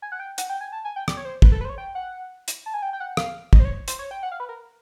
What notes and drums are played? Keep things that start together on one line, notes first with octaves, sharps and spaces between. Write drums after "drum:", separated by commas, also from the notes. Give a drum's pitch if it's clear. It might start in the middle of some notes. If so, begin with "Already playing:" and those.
G#5
F#5
G5
F#5, drum: hi-hat
G5
G#5
A5
G#5
G5
D5, drum: rim click
C#5
C5
B4, drum: kick
A4
B4
C5
C#5
G5
F#5
drum: hi-hat
A5
G#5
G5
G5
F#5
F5, drum: rim click
D#5, drum: kick
C5
C#5
C5, drum: hi-hat
C#5
G5
F#5
F5
B4
A#4